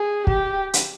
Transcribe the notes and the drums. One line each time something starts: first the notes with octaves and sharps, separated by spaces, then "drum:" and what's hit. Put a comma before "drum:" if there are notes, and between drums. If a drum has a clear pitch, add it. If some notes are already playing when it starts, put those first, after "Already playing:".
Already playing: G#4
G4, drum: kick
drum: hi-hat